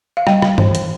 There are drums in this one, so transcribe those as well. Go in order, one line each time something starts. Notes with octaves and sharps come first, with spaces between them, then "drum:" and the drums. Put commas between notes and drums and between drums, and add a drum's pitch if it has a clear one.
F5
G3 G5, drum: rim click
drum: rim click
E3, drum: tom G2
drum: hi-hat